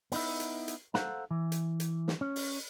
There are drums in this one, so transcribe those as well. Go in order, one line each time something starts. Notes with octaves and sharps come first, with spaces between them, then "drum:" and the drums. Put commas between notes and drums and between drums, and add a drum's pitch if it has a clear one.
B3 D#4 E4, drum: open hi-hat
drum: hi-hat
drum: hi-hat
A4 C5 D5 F5 F#5 A#5, drum: snare
E3
drum: hi-hat
drum: hi-hat
drum: snare
C#4
drum: open hi-hat